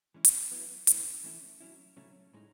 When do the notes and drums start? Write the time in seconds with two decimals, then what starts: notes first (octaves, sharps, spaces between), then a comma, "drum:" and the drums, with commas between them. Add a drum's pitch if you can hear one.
0.14 E3 G#3 C#4 E4
0.25 drum: hi-hat
0.51 F#3 B3 E4
0.87 C#3 G#3 B3 E4, drum: hi-hat
1.24 E3 A3 C#4 E4
1.60 F#3 C#4 E4
1.96 C#3 F#3 A3 C#4 E4
2.34 A2 G#3 D#4